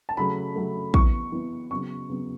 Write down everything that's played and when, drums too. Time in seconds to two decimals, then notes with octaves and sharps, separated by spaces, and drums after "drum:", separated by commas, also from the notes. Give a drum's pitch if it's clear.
0.09 A5
0.17 C#3 F#3 A3 B5
0.55 C#3 F#3 A3
0.94 E3 B3 C#6, drum: kick A#1
1.32 E3 B3
1.71 C#3 F#3 B3 C#6
2.10 C#3 F#3 B3